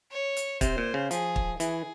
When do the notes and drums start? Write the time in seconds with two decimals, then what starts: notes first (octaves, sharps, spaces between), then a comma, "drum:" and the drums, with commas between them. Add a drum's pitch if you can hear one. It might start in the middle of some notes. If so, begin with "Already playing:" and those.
0.11 C#5
0.37 drum: hi-hat
0.61 C3 C5, drum: kick, hi-hat
0.78 A#2
0.94 C#3
1.11 F3 G#4, drum: hi-hat
1.36 drum: kick
1.60 E3 G#4, drum: hi-hat